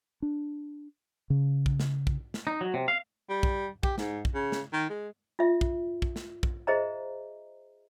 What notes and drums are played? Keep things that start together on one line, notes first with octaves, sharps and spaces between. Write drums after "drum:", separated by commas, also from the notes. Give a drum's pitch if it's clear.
D4
C#3
drum: kick
drum: snare
drum: kick
drum: snare
D#4
F#3
C3
F5
G3
drum: kick
G4, drum: kick
G#2, drum: snare
drum: kick
C#3
drum: snare
D#3
G#3
F4 E5
drum: kick
drum: kick
drum: snare
drum: kick
G#4 C5 D#5 E5 A#5